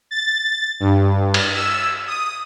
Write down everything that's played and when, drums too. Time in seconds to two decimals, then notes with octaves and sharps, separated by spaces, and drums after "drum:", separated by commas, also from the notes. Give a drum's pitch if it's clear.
0.11 A6
0.80 G2
1.34 drum: cymbal
1.54 E6
2.07 D#6